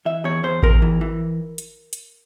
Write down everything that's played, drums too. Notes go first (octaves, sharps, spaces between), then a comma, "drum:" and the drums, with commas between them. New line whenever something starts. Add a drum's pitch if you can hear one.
E3 E5
E2 C#5
E2 C5
E2 A#4, drum: kick A1
E3
E3
drum: hi-hat
drum: hi-hat